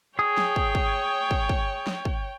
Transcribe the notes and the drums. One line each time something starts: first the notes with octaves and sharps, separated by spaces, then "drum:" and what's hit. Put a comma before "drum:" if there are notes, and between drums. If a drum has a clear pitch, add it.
G#4 C#5 G5 D#6
drum: snare
drum: kick
drum: kick
drum: kick
drum: kick
drum: snare
drum: kick